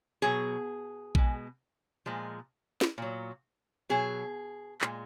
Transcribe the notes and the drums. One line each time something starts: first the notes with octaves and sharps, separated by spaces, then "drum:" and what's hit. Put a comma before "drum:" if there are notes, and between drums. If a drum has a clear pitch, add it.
B2 F#3 G#4
B2 G#3, drum: kick A#1
A#2 F3 G#3
drum: snare
A#2 F#3
B2 F#3 G#4
A#2 G#3, drum: clap